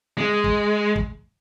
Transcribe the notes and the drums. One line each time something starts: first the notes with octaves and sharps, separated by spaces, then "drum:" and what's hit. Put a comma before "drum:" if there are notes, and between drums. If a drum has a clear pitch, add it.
G#3
drum: kick
drum: kick